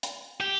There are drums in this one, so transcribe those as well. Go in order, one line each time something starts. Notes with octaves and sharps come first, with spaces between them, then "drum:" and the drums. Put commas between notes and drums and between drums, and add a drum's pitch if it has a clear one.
drum: hi-hat
G4